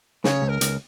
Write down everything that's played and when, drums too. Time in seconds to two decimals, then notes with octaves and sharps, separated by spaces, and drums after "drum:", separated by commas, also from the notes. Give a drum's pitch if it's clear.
0.24 C#3 C#5, drum: snare
0.42 C#2
0.49 A#4
0.61 C#2, drum: hi-hat